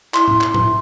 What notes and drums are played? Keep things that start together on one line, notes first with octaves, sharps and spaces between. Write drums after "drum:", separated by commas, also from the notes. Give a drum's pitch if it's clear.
E4 C6, drum: clap
drum: tom A2
drum: clap
drum: tom A2